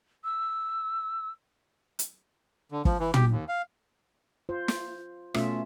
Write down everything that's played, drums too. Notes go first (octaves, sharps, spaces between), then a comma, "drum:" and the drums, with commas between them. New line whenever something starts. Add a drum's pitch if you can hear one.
E6
drum: hi-hat
D3
F3, drum: kick
E3
G4, drum: tom
D#2
F5
F4 C5
drum: snare
B2 A3 C#4 F4 E5, drum: rim click